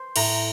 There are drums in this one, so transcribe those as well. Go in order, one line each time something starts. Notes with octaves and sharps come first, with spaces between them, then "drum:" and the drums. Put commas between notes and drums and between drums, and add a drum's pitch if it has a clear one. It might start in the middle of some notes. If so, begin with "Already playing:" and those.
Already playing: C5
A2 A#5, drum: cymbal